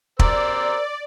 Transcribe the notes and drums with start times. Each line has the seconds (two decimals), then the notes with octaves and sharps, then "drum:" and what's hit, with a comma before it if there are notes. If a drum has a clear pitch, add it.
0.19 A#4 C5 D5 E6, drum: kick